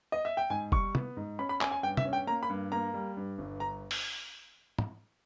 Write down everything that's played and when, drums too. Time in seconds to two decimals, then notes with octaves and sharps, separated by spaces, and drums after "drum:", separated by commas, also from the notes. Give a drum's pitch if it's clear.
0.12 D#5
0.25 E5
0.37 G5
0.50 G#2 G#5
0.72 G3 C#6, drum: kick
0.95 B3, drum: tom
1.17 G#2
1.39 C#4 B5
1.49 B5
1.61 C#4 G#5, drum: clap
1.71 G#5
1.83 G2 G5
1.97 E5, drum: tom
2.05 C#4
2.13 G5
2.27 A#3 A#5
2.43 B5
2.49 G2
2.72 A#3 A#5
2.94 G3
3.17 G2
3.38 G1
3.60 A#5
3.91 drum: open hi-hat
4.79 drum: tom